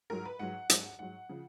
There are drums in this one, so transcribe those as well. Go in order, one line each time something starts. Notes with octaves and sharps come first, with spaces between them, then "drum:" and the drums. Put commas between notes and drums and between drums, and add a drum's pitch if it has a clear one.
G#2 F#3 A#4
B4
G#2 F#3 F#5
G#2 F#3, drum: hi-hat
G#2 F#3 F#5
C#3 F3